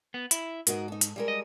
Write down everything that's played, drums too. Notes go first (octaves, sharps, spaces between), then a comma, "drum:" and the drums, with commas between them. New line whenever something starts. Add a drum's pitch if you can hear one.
B3
E4, drum: hi-hat
G#2 D#4 F#4 A#4, drum: hi-hat
D#4 A4
drum: hi-hat
G3 G#3 A#4
D#5